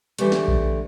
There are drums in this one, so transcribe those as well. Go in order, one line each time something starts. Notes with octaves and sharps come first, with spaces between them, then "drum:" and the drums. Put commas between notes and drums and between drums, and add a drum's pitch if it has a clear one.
D3 E3 G3 A3, drum: hi-hat
drum: snare
drum: kick A#1